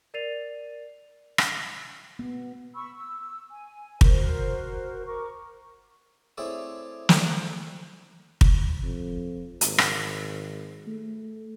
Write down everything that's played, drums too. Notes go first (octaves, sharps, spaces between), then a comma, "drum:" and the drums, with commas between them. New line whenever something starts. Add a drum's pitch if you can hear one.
A#4 D5 A6 C7 D#7 F7
drum: rim click
B3
B5 C#6 E6
E6
G#5
F#4 A#4 C5, drum: kick
A#4 C#6 D6
A3 C4 E4 G#4 C#5 D5
drum: snare
drum: kick
F2
G#1, drum: hi-hat
drum: rim click
A3